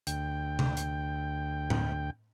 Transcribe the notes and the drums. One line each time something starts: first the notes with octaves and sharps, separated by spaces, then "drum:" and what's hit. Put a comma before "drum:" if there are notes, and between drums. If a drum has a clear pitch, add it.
D2 G5, drum: hi-hat
drum: tom C3
drum: hi-hat
drum: tom A2